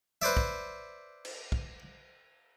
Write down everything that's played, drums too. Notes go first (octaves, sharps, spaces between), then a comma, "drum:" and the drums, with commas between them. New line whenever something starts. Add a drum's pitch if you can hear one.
B4 C5 D5 E5
drum: kick
drum: cymbal
drum: kick